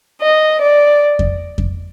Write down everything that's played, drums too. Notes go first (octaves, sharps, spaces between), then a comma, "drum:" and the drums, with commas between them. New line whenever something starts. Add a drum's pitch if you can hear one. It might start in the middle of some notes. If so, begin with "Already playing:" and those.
D#5
D5
drum: kick F2
drum: kick F2